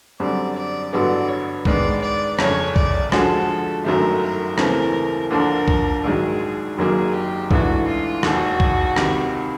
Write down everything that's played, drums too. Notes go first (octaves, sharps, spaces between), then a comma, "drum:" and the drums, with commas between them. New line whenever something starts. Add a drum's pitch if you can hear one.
F#2 D3 G3 C4 D5
D5
A1 G2 D3 F#3 B3 D5
C#5
G#2 D#3 G#3 B3 D5, drum: kick B1
D5
G1 F2 C#3 C#5, drum: rim click
D5, drum: kick B1
D3 F3 G#3 C#4 F#4 A4, drum: rim click
G1 F#2 D#3 F#3 A3 A#4
A#4
D#2 C#3 E3 A3 C4 A#4, drum: rim click
D#2 D3 F3 A#3 D4 A#4
drum: kick B1
A#1 G#2 D#3 F#3 G#4
F#1 F#2 D#3 F#3 A#3 G#4
G4
A1 G#2 E3 A3 D4 F#4, drum: kick B1
F4
E1 D#2 D#3 F#4, drum: rim click
drum: kick B1
C#2 C3 D#3, drum: rim click